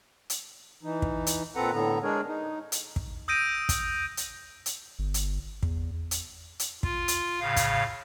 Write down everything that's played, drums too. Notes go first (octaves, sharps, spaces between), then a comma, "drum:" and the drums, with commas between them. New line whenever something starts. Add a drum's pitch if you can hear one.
drum: hi-hat
E3 D#4
drum: kick
drum: hi-hat
A#2 C4 A4 B4 F#5 A#5
A2 D3 B3 A#5
G#3 D4 G#4 A#4 C#5
D#4
drum: hi-hat
drum: kick
D#6 E6 G6 A#6 D7 D#7
drum: kick, hi-hat
drum: hi-hat
drum: hi-hat
G1
drum: hi-hat
E2, drum: kick
drum: hi-hat
drum: hi-hat
F4, drum: kick
drum: hi-hat
A2 C#3 F5
drum: kick, hi-hat